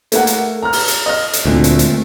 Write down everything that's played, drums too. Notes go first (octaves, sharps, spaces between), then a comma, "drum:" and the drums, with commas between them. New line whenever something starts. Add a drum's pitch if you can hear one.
A3 A#3 F#5, drum: hi-hat
drum: hi-hat
A#5 F6
drum: open hi-hat
drum: hi-hat
D#5 F6
drum: hi-hat
D2 A#2 G#3 A3 C4
drum: hi-hat
drum: hi-hat